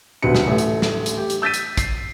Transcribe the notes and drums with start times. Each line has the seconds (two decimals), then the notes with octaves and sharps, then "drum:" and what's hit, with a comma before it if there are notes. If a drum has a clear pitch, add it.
0.22 F1 D2 B2 F#3 B4 C#7
0.35 drum: snare
0.47 A1 A3 E5
0.58 drum: hi-hat
0.82 drum: snare
1.06 drum: hi-hat
1.17 G4
1.30 drum: hi-hat
1.42 E6 G6 A6 B6 D#7
1.54 drum: hi-hat
1.77 C7, drum: kick, hi-hat